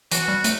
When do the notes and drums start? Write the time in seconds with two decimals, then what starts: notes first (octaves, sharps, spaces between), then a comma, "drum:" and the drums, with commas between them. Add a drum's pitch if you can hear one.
0.12 E3 F#4, drum: hi-hat
0.28 G3
0.44 A3, drum: hi-hat